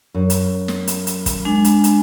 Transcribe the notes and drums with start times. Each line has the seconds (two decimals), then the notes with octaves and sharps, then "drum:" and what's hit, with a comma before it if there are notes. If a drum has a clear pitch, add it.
0.14 F#2
0.30 drum: hi-hat
0.68 drum: snare
0.87 drum: hi-hat
1.07 drum: hi-hat
1.26 drum: kick, hi-hat
1.45 G#3 D4 G#5
1.64 drum: hi-hat
1.84 drum: hi-hat